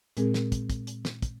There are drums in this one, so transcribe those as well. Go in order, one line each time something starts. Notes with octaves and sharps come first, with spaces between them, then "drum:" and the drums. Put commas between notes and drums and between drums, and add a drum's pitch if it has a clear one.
A#2 G#3 C4 G#4 A#4, drum: hi-hat
drum: snare
drum: kick, hi-hat
drum: kick, hi-hat
drum: hi-hat
drum: snare
drum: kick, hi-hat